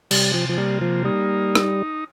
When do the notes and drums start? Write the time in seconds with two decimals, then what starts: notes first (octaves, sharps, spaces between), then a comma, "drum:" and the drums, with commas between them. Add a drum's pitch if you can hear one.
0.11 C3 G3, drum: cymbal
0.34 F3
0.49 F3
0.58 G3 A#3
0.81 F3
1.05 G3 D#4
1.55 drum: rim click